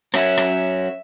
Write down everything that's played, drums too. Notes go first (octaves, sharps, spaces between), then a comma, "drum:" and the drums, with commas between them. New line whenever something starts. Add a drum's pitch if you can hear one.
F#3 C#4 E5, drum: rim click
drum: rim click